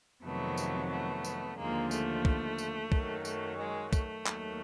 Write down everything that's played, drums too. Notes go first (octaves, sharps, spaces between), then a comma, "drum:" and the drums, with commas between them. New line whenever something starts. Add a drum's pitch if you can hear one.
F2 C3 D#3 F#3 A3 B3
drum: tambourine
A3 B3
drum: tambourine
D#2 D3 F3 G#3 A#3
A3, drum: tambourine
drum: kick
drum: tambourine
F#2 D#3 F#3, drum: kick
A3, drum: tambourine
G#3
A3, drum: kick, tambourine
D#2 D#3 F#3, drum: clap